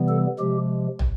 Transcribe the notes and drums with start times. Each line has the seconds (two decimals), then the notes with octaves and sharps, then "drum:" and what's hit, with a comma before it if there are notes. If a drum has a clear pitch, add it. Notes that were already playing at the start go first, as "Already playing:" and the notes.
Already playing: C3 E3 G3 B3
0.08 A4
0.39 C3 F3 G#3 G4
0.99 drum: tom